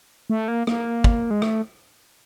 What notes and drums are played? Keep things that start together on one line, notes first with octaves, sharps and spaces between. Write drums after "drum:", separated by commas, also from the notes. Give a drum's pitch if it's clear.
A3
A#3
A#3, drum: rim click
drum: kick
G#3
A3, drum: rim click